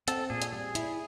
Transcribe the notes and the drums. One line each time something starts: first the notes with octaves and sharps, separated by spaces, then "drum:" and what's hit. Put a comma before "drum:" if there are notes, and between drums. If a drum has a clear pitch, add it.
C4 A4, drum: hi-hat
A#2 G#4
drum: hi-hat
G3 G#4
E4, drum: hi-hat